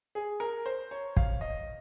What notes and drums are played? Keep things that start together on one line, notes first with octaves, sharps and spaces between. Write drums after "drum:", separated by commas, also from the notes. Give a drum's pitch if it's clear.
G#4
A#4
C5
C#5
F5, drum: kick
D#5